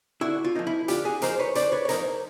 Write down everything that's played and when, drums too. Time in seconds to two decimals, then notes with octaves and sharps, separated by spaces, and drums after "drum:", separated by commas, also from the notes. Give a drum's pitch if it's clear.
0.21 D3 E4 F#4
0.44 F4
0.55 F3 A#3 D#4
0.67 E4
0.88 D3 F4 G4, drum: hi-hat
1.05 F#4 G#4
1.22 F3 A#3 D#4 A#4 C5, drum: hi-hat
1.39 B4 C#5
1.55 D3 C5 D5, drum: hi-hat
1.72 B4 C#5
1.85 C#5
1.89 F3 A#3 D#4 A#4 C5, drum: hi-hat